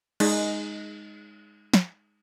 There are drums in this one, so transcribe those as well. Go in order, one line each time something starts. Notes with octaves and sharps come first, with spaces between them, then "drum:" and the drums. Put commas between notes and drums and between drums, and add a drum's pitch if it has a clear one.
G#3 D#4, drum: cymbal
drum: snare